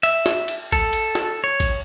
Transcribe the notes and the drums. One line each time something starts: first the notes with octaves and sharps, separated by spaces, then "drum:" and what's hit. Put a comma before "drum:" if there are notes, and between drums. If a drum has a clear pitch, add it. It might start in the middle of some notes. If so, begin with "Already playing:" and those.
E5, drum: cymbal
drum: snare
drum: cymbal
A4, drum: kick A1, cymbal
drum: cymbal
drum: snare
C#5
drum: kick A1, cymbal